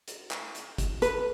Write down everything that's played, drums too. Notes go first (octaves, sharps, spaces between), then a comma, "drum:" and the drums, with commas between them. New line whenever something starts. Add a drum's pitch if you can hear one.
drum: hi-hat
drum: clap
drum: hi-hat
drum: kick G1, hi-hat
B4, drum: hi-hat